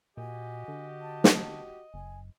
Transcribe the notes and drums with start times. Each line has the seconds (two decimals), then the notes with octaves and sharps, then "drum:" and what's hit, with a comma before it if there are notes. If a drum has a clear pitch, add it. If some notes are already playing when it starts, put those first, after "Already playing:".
0.17 A#2 F#4 G4 D#5 G#5
0.68 D3
1.01 A5
1.24 drum: snare
1.94 F#1 G#5